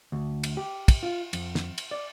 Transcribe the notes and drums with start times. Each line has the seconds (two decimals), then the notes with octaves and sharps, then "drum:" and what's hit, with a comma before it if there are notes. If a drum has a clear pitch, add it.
0.12 D2
0.44 drum: cymbal
0.57 G4
0.88 drum: kick, cymbal
1.03 F4
1.33 F2, drum: cymbal
1.55 drum: snare
1.78 drum: cymbal
1.91 D5